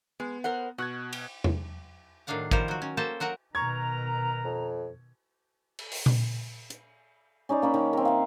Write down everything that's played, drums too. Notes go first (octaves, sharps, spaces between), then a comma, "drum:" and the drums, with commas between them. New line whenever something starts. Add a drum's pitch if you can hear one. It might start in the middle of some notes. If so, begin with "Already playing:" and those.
G#3 B3
A#4 C5 F#5
B2 F#4 F#6 G#6
drum: cymbal
drum: tom E2
A2 D#3 F#3 D4 F5 F#5
D#3 F3 G3 F4 A#4 C5, drum: kick
F#3 F#4
C#4
A#3 C#4 A4 C5 G5 A5
F#3 F#4 A#4 F#5
B2 D#3 A#4 B4 A#5 C#6 G#6
F2
drum: cymbal
drum: open hi-hat
drum: tom A#2
drum: hi-hat
C#4 D#4 C5 D5
A#3 C#4 B5
D#3
C4 A#4
E5 F5